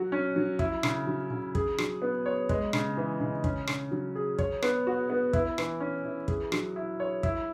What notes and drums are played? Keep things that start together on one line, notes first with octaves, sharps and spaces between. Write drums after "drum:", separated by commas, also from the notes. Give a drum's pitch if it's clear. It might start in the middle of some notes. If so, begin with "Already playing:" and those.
Already playing: F#3 F#4
C#4
F#3
E4, drum: kick
C#3, drum: rim click
F#3
C#3
G#4, drum: kick
F#3, drum: rim click
B3
C#5
G#3, drum: kick
C#3, drum: rim click
E3
C#3
C#4, drum: kick
C#3, drum: rim click
F#3
G#4
C#5, drum: kick
B3, drum: rim click
F#4
B3
E4, drum: kick
E3, drum: rim click
C#4
E3
G#4, drum: kick
F#3, drum: rim click
E4
C#5
E4, drum: kick